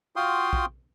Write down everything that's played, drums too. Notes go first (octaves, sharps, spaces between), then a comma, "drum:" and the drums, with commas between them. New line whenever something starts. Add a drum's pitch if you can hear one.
F4 F#4 F5 G5 C6 D#6
drum: kick A#1